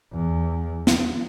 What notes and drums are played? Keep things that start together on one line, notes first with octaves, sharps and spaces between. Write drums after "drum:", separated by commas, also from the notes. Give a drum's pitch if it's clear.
E2
drum: snare